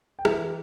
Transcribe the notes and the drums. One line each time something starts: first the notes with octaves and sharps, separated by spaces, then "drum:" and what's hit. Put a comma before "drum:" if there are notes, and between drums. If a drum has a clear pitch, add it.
G5
E3 E4 E5, drum: rim click